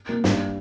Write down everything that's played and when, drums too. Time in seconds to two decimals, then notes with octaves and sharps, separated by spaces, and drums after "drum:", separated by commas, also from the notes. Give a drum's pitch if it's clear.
0.09 A#3
0.24 G2, drum: snare